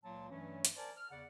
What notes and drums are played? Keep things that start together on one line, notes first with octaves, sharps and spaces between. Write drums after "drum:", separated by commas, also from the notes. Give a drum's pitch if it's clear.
C#2 A#2 F#3 A#3 A5 C6
G2 E3 F#3 A3 C#4 D4
drum: hi-hat
A#4 C5 D5 G#5 A5
F6
E2 C#3 D5 F#5